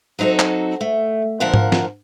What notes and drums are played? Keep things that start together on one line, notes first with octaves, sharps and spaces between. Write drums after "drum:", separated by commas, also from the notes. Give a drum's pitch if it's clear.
F#3 C4 D#4 F#4 A4
drum: clap
A3
D2 A#2 F3 A#4 F#5
drum: tom G#2
drum: snare